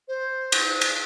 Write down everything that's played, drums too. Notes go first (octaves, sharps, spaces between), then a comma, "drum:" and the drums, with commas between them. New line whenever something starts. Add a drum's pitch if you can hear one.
C5
drum: cymbal
drum: cymbal